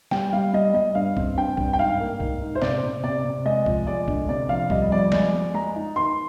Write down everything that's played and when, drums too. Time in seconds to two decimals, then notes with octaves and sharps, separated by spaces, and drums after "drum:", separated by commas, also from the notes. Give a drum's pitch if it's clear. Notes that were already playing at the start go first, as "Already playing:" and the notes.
0.11 G3 G5, drum: snare
0.33 G3 F5
0.53 G3 D#5
0.74 G3 D#5
0.95 G2 F5
1.17 C4, drum: kick B1
1.36 G2 G5
1.57 G2, drum: kick B1
1.73 G5
1.79 G#2 F5
2.00 A#3
2.20 G#2, drum: kick B1
2.41 G#2
2.55 C5
2.62 C3 D5, drum: snare
2.83 C3
3.03 C3 D5
3.24 C3
3.45 G#3 D#5
3.66 F3, drum: kick B1
3.87 G#3 D5
4.08 D3, drum: kick B1
4.29 C3 D5
4.49 F2 F5
4.70 G3 D#5, drum: kick B1
4.92 F2 D5
5.12 G#3 D5, drum: snare
5.34 G#3
5.54 G#3 A#5
5.75 D#4
5.96 D#3 C6